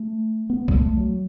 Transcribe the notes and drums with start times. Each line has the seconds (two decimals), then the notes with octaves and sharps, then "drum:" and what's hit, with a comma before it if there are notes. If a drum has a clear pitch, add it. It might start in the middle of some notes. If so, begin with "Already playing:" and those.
Already playing: A3
0.50 B3
0.68 G3, drum: kick B1
0.74 A3
0.97 F#3